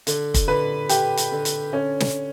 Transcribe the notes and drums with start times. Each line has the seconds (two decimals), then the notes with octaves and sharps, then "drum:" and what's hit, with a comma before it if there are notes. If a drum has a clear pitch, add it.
0.07 D3, drum: hi-hat
0.34 drum: kick, hi-hat
0.48 D3 B4
0.89 D3 G4, drum: hi-hat
1.17 drum: hi-hat
1.32 D3
1.45 drum: hi-hat
1.72 D3 C#4
2.00 drum: snare